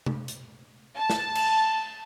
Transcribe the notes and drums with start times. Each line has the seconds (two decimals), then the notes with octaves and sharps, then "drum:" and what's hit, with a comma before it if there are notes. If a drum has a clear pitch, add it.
0.06 drum: tom C3
0.28 drum: hi-hat
0.98 A5
1.10 drum: snare
1.35 drum: cymbal